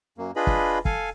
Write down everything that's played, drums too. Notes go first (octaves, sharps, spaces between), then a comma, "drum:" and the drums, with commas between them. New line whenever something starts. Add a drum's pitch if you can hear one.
F#2 A#3
D4 F4 G#4 B4 D#5 B5
drum: kick
A4 F5 G#5, drum: kick